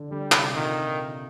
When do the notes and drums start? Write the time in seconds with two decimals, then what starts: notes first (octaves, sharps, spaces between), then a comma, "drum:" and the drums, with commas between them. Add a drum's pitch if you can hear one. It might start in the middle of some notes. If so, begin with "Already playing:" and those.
Already playing: D3
0.11 D3 G3
0.32 C3, drum: clap
0.54 A#2 D#3